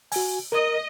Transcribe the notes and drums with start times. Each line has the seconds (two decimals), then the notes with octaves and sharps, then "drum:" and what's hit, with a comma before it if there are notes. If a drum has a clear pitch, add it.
0.12 F#4 G#5, drum: open hi-hat
0.52 A#4 D#5